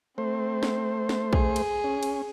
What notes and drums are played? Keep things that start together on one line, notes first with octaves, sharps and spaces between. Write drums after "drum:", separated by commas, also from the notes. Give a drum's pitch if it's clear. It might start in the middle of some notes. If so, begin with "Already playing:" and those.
A3 C4 C5
drum: snare
drum: snare
G#4, drum: kick
drum: cymbal
C#4
drum: cymbal